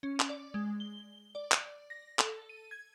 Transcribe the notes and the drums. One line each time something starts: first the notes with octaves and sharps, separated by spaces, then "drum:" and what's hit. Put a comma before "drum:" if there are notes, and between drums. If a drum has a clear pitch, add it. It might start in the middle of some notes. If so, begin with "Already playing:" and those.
C#4
drum: clap
D5
G#3
G7
D5
drum: clap
A#6
A4, drum: clap
D#7
G#6